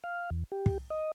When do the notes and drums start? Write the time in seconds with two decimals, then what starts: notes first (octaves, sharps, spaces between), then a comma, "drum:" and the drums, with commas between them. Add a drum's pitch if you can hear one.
0.04 F5
0.30 E2
0.52 G4
0.66 drum: kick
0.90 D#5